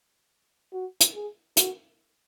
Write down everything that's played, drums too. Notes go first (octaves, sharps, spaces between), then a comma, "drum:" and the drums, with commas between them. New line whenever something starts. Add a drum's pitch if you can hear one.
F#4
drum: hi-hat
G#4
F#4, drum: hi-hat